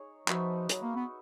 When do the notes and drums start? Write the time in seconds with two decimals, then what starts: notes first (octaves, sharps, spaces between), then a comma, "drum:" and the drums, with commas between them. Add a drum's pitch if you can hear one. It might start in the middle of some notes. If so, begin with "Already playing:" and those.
Already playing: D#4 G#4 C#5
0.28 F3 D#4 F#4 B4 E5, drum: clap
0.69 F#3, drum: hi-hat
0.82 A#3
0.96 B3